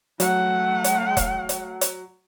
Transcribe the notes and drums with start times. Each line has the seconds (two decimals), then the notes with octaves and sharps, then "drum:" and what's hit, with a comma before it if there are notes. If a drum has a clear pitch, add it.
0.20 F#3 A3 F#5, drum: hi-hat
0.84 drum: hi-hat
1.17 drum: kick E1, hi-hat
1.49 drum: hi-hat
1.81 drum: hi-hat